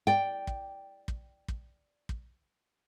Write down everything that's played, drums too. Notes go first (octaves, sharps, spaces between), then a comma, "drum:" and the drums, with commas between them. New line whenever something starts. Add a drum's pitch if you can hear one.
D5 G5
drum: kick
drum: kick
drum: kick
drum: kick